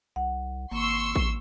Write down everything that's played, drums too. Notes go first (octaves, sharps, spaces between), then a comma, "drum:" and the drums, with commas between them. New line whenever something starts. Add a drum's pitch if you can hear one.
C2 F#5
G#1 A#3 C6 C#6 E6
drum: kick